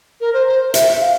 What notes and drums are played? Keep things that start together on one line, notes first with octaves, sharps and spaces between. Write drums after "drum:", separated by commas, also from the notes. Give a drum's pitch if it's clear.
A#4
C5
C5
E5, drum: hi-hat
F5